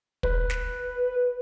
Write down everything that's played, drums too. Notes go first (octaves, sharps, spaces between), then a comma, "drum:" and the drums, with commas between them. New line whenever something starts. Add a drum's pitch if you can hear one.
B4, drum: kick
drum: snare